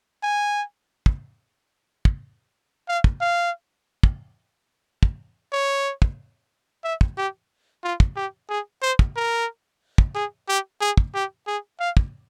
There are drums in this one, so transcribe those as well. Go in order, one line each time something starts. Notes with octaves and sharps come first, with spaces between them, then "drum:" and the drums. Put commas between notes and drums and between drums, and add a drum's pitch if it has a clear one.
G#5
drum: kick
drum: kick
F5
drum: kick
F5
drum: kick
drum: kick
C#5
drum: kick
E5
drum: kick
G4
F4
drum: kick
G4
G#4
C5
drum: kick
A#4
drum: kick
G#4
G4
G#4
drum: kick
G4
G#4
F5
drum: kick